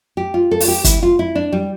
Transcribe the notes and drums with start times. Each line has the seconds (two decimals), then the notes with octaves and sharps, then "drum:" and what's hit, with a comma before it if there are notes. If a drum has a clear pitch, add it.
0.17 G4
0.34 F4
0.51 A4
0.60 F4, drum: open hi-hat
0.68 G4
0.84 E4, drum: kick, hi-hat
1.03 F4
1.19 E4
1.35 D4
1.52 G3